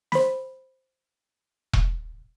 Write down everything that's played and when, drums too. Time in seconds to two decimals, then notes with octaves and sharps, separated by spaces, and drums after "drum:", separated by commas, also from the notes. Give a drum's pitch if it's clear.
0.12 C5 B5, drum: snare
1.73 drum: kick E1